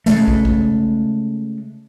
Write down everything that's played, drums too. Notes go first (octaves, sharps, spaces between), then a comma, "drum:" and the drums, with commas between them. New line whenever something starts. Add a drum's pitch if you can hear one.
C#3 G#3 A3, drum: hi-hat
drum: kick
drum: kick